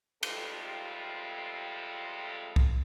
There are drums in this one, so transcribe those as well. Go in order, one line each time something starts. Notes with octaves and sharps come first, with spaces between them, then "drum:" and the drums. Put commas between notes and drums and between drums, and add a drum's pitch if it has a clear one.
F2 C3 G3 G#3 F4 A4, drum: cymbal
drum: kick C2